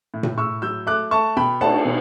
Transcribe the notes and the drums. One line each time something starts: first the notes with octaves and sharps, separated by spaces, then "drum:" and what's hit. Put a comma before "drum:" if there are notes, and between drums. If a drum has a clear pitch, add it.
A2
drum: tom A#2
A2 C#6 E6
F#3 E6 G6
A3 D6 F#6
A3 A5 C#6
B2 G5 B5
A3 F#5 A5, drum: cymbal
B2